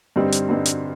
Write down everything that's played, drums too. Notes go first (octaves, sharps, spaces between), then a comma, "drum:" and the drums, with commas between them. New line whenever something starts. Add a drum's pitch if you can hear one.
G2 D3 G3 C4 D#4
drum: hi-hat
G2 D3 G3 C4 D#4
drum: hi-hat